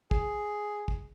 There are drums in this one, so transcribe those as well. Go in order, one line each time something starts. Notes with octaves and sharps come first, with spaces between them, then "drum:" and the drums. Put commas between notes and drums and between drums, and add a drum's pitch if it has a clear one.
G#4, drum: kick
drum: kick